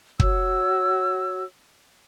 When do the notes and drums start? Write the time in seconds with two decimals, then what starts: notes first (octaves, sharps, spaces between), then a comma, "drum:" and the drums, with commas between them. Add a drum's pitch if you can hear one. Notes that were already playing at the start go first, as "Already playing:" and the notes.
0.20 F#4 C#5 E6, drum: kick